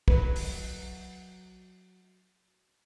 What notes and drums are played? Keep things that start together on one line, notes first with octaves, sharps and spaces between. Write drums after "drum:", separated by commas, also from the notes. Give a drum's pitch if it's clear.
F#3 B4, drum: kick
drum: open hi-hat